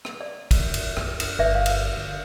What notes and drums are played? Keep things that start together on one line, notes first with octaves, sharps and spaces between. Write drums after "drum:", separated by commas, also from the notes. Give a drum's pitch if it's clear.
drum: rim click
D5
drum: kick, cymbal
drum: cymbal
C#2 F#2, drum: rim click
drum: cymbal
G1 B4 D5 E5
F5
drum: cymbal
D3